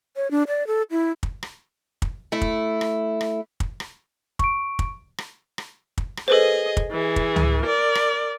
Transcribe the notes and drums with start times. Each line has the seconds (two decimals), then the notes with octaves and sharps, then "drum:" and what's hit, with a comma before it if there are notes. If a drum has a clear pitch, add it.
0.16 C#5
0.31 D4
0.48 D5
0.67 A4
0.91 E4
1.23 drum: kick
1.43 drum: rim click
2.02 drum: kick
2.32 A3 E4
2.41 drum: kick
2.81 drum: rim click
3.21 drum: rim click
3.60 drum: kick
3.80 drum: rim click
4.39 C#6 D7, drum: kick
4.79 drum: kick
5.18 drum: rim click
5.58 drum: rim click
5.98 drum: kick
6.17 drum: rim click
6.28 G#4 A4 B4 C5 D#5
6.77 drum: kick
6.91 E3 G#4
7.16 drum: kick
7.36 drum: tom C#2
7.63 A#4 D5
7.95 drum: rim click